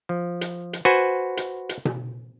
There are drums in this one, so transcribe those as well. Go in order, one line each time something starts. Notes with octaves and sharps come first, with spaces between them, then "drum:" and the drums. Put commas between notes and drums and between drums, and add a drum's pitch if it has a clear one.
F3
drum: hi-hat
drum: hi-hat
F#4 B4 C5 G#5
drum: hi-hat
drum: hi-hat
drum: tom B2